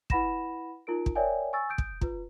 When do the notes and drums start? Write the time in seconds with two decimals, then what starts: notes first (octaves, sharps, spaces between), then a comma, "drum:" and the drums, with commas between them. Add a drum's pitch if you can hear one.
0.10 E4 B4 F#5 B5 A#6 E7, drum: kick
0.87 D#4 F4 A#4 D7
1.06 drum: kick
1.16 A#4 C#5 D5 E5 G5 G#5
1.53 G#5 C#6 E6 A6
1.69 D#6 G6 D7
1.78 drum: kick
2.01 F4 B4, drum: kick